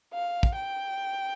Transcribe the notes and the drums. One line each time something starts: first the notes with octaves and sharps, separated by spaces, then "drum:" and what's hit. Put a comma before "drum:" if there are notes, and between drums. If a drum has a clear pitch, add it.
F5
drum: kick
G5